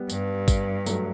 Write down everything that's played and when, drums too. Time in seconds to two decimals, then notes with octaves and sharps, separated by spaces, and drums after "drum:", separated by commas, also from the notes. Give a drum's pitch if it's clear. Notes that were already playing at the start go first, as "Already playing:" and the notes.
Already playing: G3 B3
0.10 G2, drum: tambourine
0.48 drum: kick, tambourine
0.86 F#3 A3, drum: tambourine